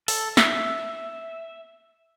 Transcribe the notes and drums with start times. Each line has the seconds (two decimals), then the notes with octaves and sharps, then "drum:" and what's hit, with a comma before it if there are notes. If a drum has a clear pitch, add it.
0.08 A4, drum: open hi-hat
0.37 E5, drum: snare